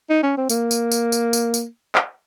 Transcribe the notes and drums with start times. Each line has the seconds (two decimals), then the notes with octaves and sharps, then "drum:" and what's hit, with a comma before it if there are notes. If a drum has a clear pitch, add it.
0.10 D#4
0.23 C#4
0.37 C4
0.50 A#3, drum: tambourine
0.71 drum: tambourine
0.92 drum: tambourine
1.12 drum: tambourine
1.33 drum: tambourine
1.54 drum: tambourine
1.95 drum: clap